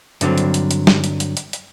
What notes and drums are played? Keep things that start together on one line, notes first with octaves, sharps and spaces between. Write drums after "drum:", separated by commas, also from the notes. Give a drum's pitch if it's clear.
G2 D3 D#3 F#3 C4, drum: hi-hat
drum: hi-hat
drum: hi-hat
drum: hi-hat
drum: snare
drum: hi-hat
drum: hi-hat
drum: hi-hat
drum: hi-hat